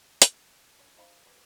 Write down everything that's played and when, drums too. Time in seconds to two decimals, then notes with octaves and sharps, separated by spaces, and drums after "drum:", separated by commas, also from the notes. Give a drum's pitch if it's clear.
0.22 drum: hi-hat
0.79 G3 B3 C#4 D4 C#5
0.97 D#4 C5 F5 G5 B5
1.25 B4 C5 D5 G#5